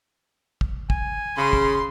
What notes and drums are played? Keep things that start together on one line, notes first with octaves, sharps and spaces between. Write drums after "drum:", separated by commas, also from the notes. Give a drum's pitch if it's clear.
drum: kick
G#5, drum: kick
C#3 B5 C6
drum: kick